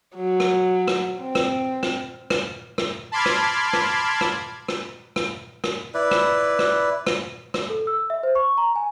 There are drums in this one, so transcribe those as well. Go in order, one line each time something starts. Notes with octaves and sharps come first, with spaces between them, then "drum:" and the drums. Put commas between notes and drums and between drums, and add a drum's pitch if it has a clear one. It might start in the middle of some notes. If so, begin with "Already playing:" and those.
F#3
drum: rim click
drum: rim click
C4
drum: rim click
drum: rim click
drum: rim click
drum: rim click
A5 B5 C6 D6 F6 G#6
drum: rim click
drum: rim click
drum: rim click
drum: rim click
drum: rim click
drum: rim click
E4 B4 D5
drum: rim click
drum: rim click
drum: rim click
drum: rim click
A4
E6
E5
C5
C#6
A#5
G#5